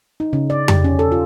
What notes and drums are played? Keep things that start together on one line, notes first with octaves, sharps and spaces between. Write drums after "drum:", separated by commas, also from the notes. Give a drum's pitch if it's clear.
D#4
C#3
D5
G4, drum: tom F2
C#4
A4
F4